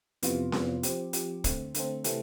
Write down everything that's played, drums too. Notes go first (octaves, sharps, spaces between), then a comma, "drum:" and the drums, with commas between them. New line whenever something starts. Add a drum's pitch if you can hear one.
F2 C3 E3 B3 F4, drum: hi-hat
F2 C3 E3 B3 F4, drum: snare C#4
F3 C4 G4, drum: hi-hat
F3 C4 G4, drum: hi-hat
D3 A3 C4, drum: kick, hi-hat
D3 A3 C4, drum: hi-hat
C3 E3 A3 C4, drum: hi-hat